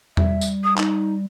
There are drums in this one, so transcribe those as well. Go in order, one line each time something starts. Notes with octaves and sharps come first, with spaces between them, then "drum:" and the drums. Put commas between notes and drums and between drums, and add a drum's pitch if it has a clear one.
G3 E5, drum: tom E2
drum: tambourine
D#6
D#4, drum: clap